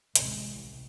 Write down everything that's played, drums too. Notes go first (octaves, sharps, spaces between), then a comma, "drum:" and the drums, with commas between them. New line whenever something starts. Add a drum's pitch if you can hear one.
A1 D#2 C3 G#3, drum: hi-hat
C2